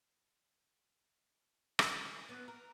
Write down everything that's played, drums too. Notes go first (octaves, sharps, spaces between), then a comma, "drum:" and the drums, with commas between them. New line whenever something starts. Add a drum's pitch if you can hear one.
A#5, drum: rim click
E3
B3
A#4